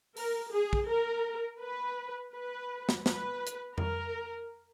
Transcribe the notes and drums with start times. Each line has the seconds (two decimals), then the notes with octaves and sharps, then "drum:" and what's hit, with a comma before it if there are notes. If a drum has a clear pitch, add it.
0.17 A#4, drum: open hi-hat
0.53 G#4
0.73 drum: kick
0.89 A#4
1.61 B4
2.33 B4
2.89 drum: snare
3.06 B4, drum: snare
3.47 drum: hi-hat
3.78 A#4, drum: tom F2